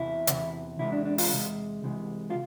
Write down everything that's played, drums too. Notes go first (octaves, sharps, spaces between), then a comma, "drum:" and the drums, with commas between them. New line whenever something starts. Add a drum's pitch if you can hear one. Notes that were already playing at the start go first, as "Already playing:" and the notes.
Already playing: E2 C3 E4
E2 C3 E3, drum: hi-hat
E2 C3 G#3 E4
D4
D4
F4, drum: open hi-hat
E2 C3 G#3
C2 C3 E3 G#3
F4